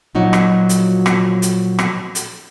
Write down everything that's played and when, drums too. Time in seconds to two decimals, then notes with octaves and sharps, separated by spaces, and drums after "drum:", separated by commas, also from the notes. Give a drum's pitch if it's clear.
0.15 A#2 F3 F#3 D#4 F#4
0.33 drum: rim click
0.69 drum: hi-hat
1.06 drum: rim click
1.42 drum: hi-hat
1.79 drum: rim click
2.15 drum: hi-hat